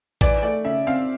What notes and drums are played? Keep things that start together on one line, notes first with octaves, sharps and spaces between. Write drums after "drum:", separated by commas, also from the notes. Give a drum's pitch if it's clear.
E3 D5, drum: kick, hi-hat
A3 D5
C#3 E5
C4 F5